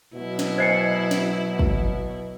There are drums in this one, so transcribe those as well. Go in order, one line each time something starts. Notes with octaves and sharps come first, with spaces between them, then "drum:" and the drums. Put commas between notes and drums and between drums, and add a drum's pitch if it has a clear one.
B2 F#3 E4
drum: snare
C5 D#5 G#5 G#6 C7 C#7
drum: snare
drum: kick